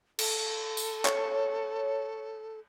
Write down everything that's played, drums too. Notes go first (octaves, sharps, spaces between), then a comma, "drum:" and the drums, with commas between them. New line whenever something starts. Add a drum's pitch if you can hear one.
A4, drum: cymbal
drum: tambourine
C#5, drum: clap